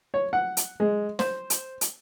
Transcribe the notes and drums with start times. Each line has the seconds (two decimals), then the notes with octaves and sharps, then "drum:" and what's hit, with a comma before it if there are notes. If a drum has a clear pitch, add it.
0.14 C#5
0.33 F#5
0.57 drum: hi-hat
0.80 G#3
1.19 C5, drum: snare
1.50 drum: hi-hat
1.81 drum: hi-hat